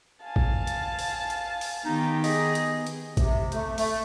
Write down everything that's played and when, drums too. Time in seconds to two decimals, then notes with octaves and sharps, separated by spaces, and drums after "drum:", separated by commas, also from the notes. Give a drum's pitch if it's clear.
0.24 F5 G#5 A5
0.36 drum: kick
0.67 drum: hi-hat
0.99 drum: open hi-hat
1.30 drum: hi-hat
1.61 drum: open hi-hat
1.85 D#3 B3 D#4 G4
2.24 G#4 D#5, drum: open hi-hat
2.55 drum: hi-hat
2.87 drum: hi-hat
3.17 C3, drum: kick, hi-hat
3.52 A3, drum: hi-hat
3.78 A3, drum: open hi-hat